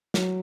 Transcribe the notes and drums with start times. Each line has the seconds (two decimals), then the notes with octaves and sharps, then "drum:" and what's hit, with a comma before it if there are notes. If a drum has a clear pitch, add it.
0.14 F#3, drum: snare